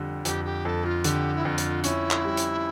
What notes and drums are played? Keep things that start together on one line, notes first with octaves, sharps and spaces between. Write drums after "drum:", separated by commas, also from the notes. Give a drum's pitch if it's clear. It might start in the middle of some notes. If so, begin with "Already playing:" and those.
Already playing: F2 D3 G3
F2 G4, drum: hi-hat
G4
F2 A4
F4
D3 G4, drum: hi-hat
E4
F2 F4
drum: hi-hat
C#4 E4, drum: hi-hat
drum: clap
G3
drum: hi-hat